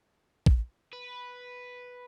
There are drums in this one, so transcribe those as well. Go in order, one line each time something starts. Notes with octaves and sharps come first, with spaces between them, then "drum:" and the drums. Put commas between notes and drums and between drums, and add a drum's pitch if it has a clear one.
drum: kick
B4